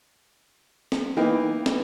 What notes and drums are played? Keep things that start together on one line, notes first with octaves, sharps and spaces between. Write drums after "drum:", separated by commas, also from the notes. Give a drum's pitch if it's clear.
drum: snare
E3 A#3 B3 D#4 G5
drum: snare